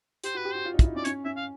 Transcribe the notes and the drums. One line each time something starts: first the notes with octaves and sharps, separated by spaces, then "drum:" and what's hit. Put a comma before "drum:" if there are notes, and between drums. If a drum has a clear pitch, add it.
G4 C5, drum: hi-hat
F#4 B4
G4
F#4 C5
F4
D#4
E4, drum: kick, hi-hat
D#4
C#4 D5
C#4 C#5, drum: hi-hat
C#4 E5
F5